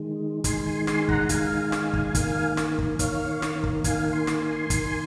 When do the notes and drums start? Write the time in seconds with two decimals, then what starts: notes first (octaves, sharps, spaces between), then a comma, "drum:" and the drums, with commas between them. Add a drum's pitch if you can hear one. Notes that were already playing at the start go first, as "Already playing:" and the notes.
Already playing: D#3 G#3
0.44 D#3 G#3 G#5 C6, drum: kick, hi-hat
0.66 G#5 C6
0.87 G#5 C6, drum: snare
1.09 F#5 A#5, drum: kick
1.29 D#3 G#3 F5 G#5, drum: kick, hi-hat
1.72 drum: snare
1.93 drum: kick
2.15 D#3 A#3, drum: kick, hi-hat
2.57 drum: snare
2.78 drum: kick
2.99 D#3 A#3 C#5 F5, drum: kick, hi-hat
3.42 drum: snare
3.64 drum: kick
3.84 D#3 A#3 F5 G#5, drum: kick, hi-hat
4.13 G#5 C6
4.27 drum: snare
4.41 G#5 C6
4.70 D#3 A#3, drum: kick, hi-hat